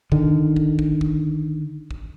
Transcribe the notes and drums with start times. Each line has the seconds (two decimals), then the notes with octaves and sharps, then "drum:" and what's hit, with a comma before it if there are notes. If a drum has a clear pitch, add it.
0.12 D3 D#3, drum: kick
0.56 drum: kick
0.79 drum: kick
1.01 drum: kick
1.91 drum: kick